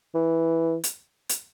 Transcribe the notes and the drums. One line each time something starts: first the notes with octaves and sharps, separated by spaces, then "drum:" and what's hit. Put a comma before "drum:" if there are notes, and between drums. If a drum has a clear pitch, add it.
E3
drum: hi-hat
drum: hi-hat